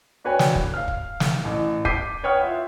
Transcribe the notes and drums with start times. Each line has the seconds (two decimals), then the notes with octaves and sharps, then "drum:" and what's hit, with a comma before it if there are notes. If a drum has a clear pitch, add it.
0.24 D4 F#4 B4 C#5 G5 G#5
0.39 drum: snare
0.55 drum: kick
0.74 F5 F6
0.88 drum: kick
1.20 drum: snare
1.45 A1
1.85 D6 G6 B6 C7 D#7, drum: kick
2.24 B4 C#5 F#5 G5 D#6 F6
2.42 F4 E5